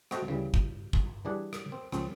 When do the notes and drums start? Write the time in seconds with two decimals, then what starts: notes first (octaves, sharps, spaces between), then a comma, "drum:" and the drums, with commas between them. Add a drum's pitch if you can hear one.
0.11 A3 C4 F#4 C5 D#5 A5, drum: rim click
0.27 D2 C#3 E3 G3
0.54 drum: kick
0.93 drum: kick
1.25 E3 G3 D4 G#4 F#5
1.53 drum: rim click
1.72 C4
1.92 C#2 F3 C4 C#4, drum: rim click